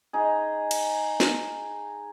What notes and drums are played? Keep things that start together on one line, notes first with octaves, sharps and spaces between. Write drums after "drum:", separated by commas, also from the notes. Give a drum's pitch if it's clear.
D#4 G#4
drum: cymbal
drum: snare